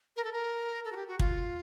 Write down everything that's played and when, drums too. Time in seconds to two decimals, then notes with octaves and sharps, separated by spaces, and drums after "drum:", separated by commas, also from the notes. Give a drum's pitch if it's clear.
0.17 A#4
0.24 A4
0.33 A#4
0.85 A4
0.92 F#4
0.96 G4
1.07 F#4
1.19 F4, drum: kick